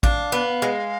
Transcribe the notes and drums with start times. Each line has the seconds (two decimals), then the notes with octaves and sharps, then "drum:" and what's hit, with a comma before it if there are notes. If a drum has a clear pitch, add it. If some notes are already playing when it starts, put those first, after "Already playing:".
0.03 D4 F5, drum: kick A1
0.32 B3
0.62 G#3